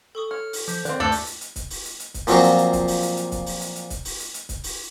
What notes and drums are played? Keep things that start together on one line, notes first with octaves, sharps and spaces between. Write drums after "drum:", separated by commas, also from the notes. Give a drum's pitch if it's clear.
A4 C#6 D#6
C#5 F6
drum: open hi-hat
F3 D6 G6 B6, drum: hi-hat
D#3 C4 D5 F#6, drum: hi-hat
D2 G2 A3 D4 A4 D6 G6
drum: open hi-hat
drum: hi-hat
drum: hi-hat
drum: kick C#1, hi-hat
drum: open hi-hat
drum: hi-hat
drum: hi-hat
drum: kick C#1, hi-hat
A#2 F3 F#3 C4 F#4, drum: open hi-hat
drum: hi-hat
drum: hi-hat
drum: kick C#1, hi-hat
drum: open hi-hat
drum: hi-hat
drum: hi-hat
drum: kick C#1, hi-hat
drum: open hi-hat
drum: hi-hat
drum: hi-hat
drum: kick C#1, hi-hat
drum: open hi-hat
drum: hi-hat
drum: hi-hat
drum: kick C#1, hi-hat
drum: open hi-hat